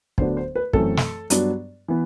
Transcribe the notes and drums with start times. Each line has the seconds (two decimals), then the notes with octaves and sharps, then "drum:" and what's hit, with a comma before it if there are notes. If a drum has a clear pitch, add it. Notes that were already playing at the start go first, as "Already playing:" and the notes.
0.18 D2 D3 F#3 B3 D4 C5, drum: kick
0.37 C5
0.56 B4
0.73 F#2 E3 A3 C4 A4, drum: kick
0.97 drum: snare
1.30 G2 F#3 B3 D4, drum: hi-hat
1.88 E3 B3